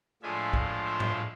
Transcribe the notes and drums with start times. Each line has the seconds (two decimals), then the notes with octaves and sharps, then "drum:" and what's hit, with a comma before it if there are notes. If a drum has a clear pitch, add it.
0.22 A2 F3 G#3 D4 F4 E5 G#5
0.53 drum: kick
0.84 C5 E5
1.00 drum: tom G#2